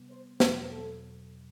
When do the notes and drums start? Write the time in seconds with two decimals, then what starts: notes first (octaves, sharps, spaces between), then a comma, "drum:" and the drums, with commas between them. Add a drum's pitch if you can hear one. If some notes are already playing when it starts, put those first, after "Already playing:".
Already playing: C3 G3 B3
0.10 C5
0.40 E2 B2 F#3 B4, drum: snare
0.70 A4